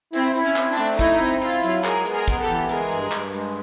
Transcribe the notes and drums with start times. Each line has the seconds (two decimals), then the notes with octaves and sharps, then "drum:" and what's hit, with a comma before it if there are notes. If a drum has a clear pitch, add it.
0.13 C4 E4, drum: hi-hat
0.36 E4, drum: hi-hat
0.42 C#4
0.56 C4, drum: clap
0.71 D4
0.78 A3, drum: hi-hat
0.99 D#4 E4, drum: kick, hi-hat
1.20 C4
1.42 E4 F4, drum: hi-hat
1.64 F#3, drum: hi-hat
1.84 G#3 G#4 A#4, drum: clap
2.06 B3, drum: hi-hat
2.12 G#4 A#4
2.28 B3, drum: kick, hi-hat
2.41 G4 A4
2.49 E3, drum: hi-hat
2.69 G#3 G#4 A#4, drum: hi-hat
2.92 G2, drum: hi-hat
3.12 G2, drum: clap
3.34 G#3, drum: hi-hat